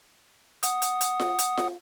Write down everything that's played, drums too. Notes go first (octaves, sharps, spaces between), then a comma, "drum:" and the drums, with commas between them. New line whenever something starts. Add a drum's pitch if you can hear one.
F#5 D#6, drum: hi-hat
drum: hi-hat
drum: hi-hat
drum: snare F4
drum: hi-hat
drum: snare F4